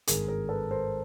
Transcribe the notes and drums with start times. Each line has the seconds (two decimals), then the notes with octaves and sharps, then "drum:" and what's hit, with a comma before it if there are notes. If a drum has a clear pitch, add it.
0.07 G#1 G2 D#3 G#3 G#4 A#4, drum: hi-hat
0.28 G#4 A#4
0.49 A4 B4
0.71 A#4 C5